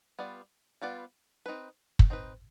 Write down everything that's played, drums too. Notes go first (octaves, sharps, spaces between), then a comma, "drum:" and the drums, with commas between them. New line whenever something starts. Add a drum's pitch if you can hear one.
G3 B3 F4 B4 D5
G3 B3 F4 B4 D5
C4 D#4 B4
drum: kick
C4 D#4 B4